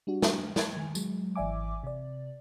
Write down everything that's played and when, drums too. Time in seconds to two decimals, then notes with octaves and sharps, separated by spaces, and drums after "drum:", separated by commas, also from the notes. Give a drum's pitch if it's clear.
0.07 G3 D4 F#4
0.22 drum: snare
0.56 A5 G#6, drum: snare
0.76 D#3 G#5
0.95 F#3 G#3, drum: tambourine
1.36 G#1 E3 D5 E5 G#5 D6
1.83 C3 D5